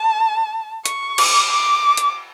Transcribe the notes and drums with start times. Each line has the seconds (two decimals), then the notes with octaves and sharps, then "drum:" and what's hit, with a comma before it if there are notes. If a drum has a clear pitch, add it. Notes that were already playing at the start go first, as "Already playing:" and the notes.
Already playing: A5
0.86 C#6, drum: hi-hat
1.18 D6, drum: cymbal
1.52 D6
1.97 drum: hi-hat